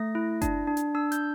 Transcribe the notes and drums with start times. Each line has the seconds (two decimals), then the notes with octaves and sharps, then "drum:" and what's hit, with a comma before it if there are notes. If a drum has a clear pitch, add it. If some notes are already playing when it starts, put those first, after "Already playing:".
Already playing: A3 A#6
0.15 E4
0.42 D4, drum: kick F#1, hi-hat
0.67 D4
0.77 drum: hi-hat
0.95 D4 E6
1.12 G6, drum: hi-hat